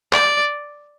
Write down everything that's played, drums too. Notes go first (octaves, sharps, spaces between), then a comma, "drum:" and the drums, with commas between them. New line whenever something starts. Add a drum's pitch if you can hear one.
D5, drum: clap